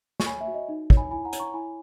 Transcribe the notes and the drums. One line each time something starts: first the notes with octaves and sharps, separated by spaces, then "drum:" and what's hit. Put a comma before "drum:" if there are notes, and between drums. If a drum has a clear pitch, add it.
C#6, drum: snare
C#5 G#5 B5
E5
F#4
D#5
D#4
C#5, drum: kick
G#5 B5
E4 G#5 B5
F#5 A#5
C#5, drum: hi-hat
A#5 C#6
E4 G#5 B5